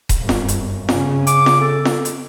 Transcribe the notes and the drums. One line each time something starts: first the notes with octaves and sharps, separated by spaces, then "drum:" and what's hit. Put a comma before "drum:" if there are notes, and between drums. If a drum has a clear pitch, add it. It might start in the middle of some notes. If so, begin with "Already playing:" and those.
drum: kick D#1, hi-hat
G1 F#2
drum: snare
drum: hi-hat
C#3 C#4, drum: snare
D6, drum: hi-hat
drum: snare
A4
drum: snare
drum: hi-hat